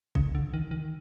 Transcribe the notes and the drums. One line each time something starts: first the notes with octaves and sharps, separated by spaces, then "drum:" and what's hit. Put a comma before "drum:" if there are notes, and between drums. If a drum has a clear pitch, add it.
C#3, drum: kick
D3
D#3
D#3